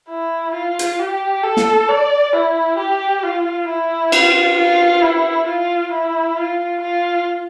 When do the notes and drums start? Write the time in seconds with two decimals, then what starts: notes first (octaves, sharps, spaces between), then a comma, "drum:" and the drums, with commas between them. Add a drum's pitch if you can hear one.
0.09 E4
0.54 F4
0.79 drum: hi-hat
0.99 G4
1.44 A4
1.57 drum: snare
1.89 D5
2.33 E4
2.78 G4
3.23 F4
3.68 E4
4.12 F4, drum: cymbal
4.57 F4
5.02 E4
5.47 F4
5.92 E4
6.36 F4
6.81 F4